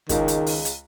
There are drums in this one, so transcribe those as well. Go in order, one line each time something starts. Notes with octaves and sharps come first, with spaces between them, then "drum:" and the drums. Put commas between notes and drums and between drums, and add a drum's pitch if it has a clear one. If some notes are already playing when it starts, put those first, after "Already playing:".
C#2 D#3 G#3, drum: kick, hi-hat
drum: hi-hat
drum: open hi-hat
drum: hi-hat